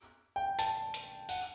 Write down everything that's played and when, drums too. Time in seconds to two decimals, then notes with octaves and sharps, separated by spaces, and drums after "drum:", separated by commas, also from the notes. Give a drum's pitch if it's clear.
0.36 G5
0.59 A5, drum: hi-hat
0.94 drum: hi-hat
1.29 F#5, drum: open hi-hat